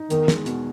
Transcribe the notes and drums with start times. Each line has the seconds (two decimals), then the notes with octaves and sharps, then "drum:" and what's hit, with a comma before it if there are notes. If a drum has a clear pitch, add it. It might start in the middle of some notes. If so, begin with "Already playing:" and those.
Already playing: D#4
0.10 E2 D#3, drum: hi-hat
0.28 G#3, drum: snare
0.46 B2, drum: hi-hat